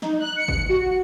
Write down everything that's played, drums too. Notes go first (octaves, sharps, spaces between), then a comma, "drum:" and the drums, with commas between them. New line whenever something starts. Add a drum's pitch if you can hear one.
D#4, drum: snare
F#6
C#7
drum: kick G#1
F#4